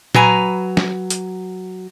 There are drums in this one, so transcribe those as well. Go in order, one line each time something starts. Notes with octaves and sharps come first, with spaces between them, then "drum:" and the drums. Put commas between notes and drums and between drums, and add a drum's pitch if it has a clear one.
F#3 B4 G#5 A#5, drum: tom A#2
drum: snare
drum: hi-hat